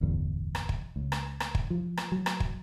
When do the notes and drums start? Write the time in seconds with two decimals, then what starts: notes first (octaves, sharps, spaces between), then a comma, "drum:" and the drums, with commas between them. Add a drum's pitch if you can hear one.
0.01 D1 G1 E2
0.55 drum: rim click
0.69 drum: kick
0.96 C#2
1.12 drum: rim click
1.40 drum: rim click
1.55 drum: kick
1.70 F3
1.97 drum: rim click
2.12 F#3
2.26 drum: rim click
2.40 drum: kick